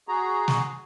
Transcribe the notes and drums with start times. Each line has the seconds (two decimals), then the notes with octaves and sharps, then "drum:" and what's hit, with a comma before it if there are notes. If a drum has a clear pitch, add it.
0.08 F#4 G#4 A#5
0.48 drum: snare